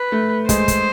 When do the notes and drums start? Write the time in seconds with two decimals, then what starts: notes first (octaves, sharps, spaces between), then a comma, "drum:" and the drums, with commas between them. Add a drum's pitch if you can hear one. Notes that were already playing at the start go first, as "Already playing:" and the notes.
Already playing: B4
0.12 A3
0.49 G#3 C5, drum: kick, hi-hat
0.68 drum: kick, hi-hat